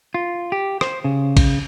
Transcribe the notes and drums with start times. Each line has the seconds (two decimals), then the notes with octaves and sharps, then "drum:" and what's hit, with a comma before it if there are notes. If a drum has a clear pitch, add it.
0.14 F4
0.52 G4
0.81 C5, drum: rim click
1.04 C#3
1.37 drum: kick, cymbal